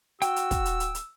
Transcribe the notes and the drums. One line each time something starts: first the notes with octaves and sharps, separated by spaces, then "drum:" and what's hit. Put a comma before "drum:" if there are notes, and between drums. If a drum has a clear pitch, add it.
F#4 G5 E6, drum: hi-hat
drum: hi-hat
drum: kick, hi-hat
drum: hi-hat
drum: hi-hat
drum: hi-hat